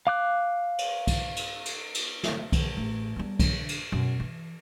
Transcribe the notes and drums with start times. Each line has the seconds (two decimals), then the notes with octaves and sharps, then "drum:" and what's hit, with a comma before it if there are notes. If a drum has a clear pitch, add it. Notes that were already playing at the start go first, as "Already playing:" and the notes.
0.07 F5 D6 F#6
0.78 drum: cymbal
1.07 drum: kick B1, cymbal
1.36 drum: cymbal
1.65 drum: cymbal
1.94 drum: cymbal
2.23 drum: snare
2.52 drum: kick B1, cymbal
2.77 A1
3.16 G3 B3
3.40 D3 D4, drum: kick B1, cymbal
3.69 drum: cymbal
3.92 F#2 B2
4.20 E3